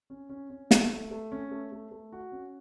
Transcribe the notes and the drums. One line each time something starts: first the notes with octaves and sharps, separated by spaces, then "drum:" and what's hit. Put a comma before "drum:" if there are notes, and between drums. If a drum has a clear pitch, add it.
C#4
C#4
C#4
A3, drum: snare
A3
A3
C#4
A3
A3
A3
F#4
C#4